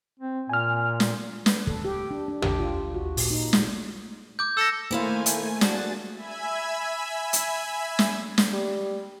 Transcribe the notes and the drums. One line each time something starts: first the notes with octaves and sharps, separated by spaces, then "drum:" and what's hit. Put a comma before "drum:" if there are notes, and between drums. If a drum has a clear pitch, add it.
C4
A#2 G#5 F6
drum: snare
B4, drum: snare
A4, drum: kick
G4
D4
D4
G4, drum: tom
F4
F#4
A#2, drum: open hi-hat
D#4
G#3, drum: snare
D6 G6
A4 E6 A#6
D#3 A3 A#3 E4 C5 F5 G#5
drum: hi-hat
D4 F#4 G#4 A6, drum: snare
E5 G#5 B5 E6 G#6
drum: hi-hat
drum: snare
drum: snare
G3